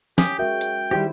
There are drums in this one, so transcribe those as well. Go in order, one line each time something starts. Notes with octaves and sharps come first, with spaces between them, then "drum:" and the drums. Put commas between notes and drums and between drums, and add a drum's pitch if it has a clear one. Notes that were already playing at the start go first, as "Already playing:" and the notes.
C#4 G4 G#5 D#6, drum: snare
G#3 F#4 A#4 E5 G5
drum: hi-hat
D#3 G3 E4 G4 C5